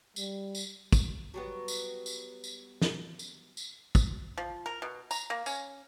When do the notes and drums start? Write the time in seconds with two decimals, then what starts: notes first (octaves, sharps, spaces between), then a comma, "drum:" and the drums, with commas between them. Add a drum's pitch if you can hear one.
0.16 G3, drum: tambourine
0.55 drum: tambourine
0.92 drum: kick, tambourine
1.34 F#3 G3 B3
1.68 drum: tambourine
2.06 drum: tambourine
2.44 drum: tambourine
2.82 drum: snare
3.19 drum: tambourine
3.57 drum: tambourine
3.95 drum: kick, tambourine
4.37 F3
4.66 A#4
4.82 B2
5.11 A#5, drum: tambourine
5.30 A#3
5.46 C#4, drum: tambourine